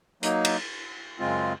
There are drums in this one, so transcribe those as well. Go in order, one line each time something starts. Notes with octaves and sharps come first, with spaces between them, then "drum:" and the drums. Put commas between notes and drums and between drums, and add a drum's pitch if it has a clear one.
F#3 A#3 D#4, drum: hi-hat
drum: cymbal
F#2 C#3 G#3 C4 F4